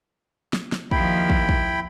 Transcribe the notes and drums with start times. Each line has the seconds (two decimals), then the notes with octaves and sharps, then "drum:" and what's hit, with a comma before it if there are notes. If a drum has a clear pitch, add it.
0.53 drum: snare
0.72 drum: snare
0.91 D#2 F3 E4 G5 B5, drum: kick
1.30 drum: kick
1.49 drum: kick